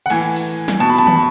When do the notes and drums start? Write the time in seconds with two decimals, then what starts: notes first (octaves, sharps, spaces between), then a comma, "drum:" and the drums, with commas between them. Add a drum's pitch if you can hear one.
0.06 F#5
0.10 A2 E3 G#5, drum: cymbal
0.36 drum: open hi-hat
0.68 drum: snare
0.80 B2 A5
0.89 B5
0.98 A5
1.07 B5, drum: tom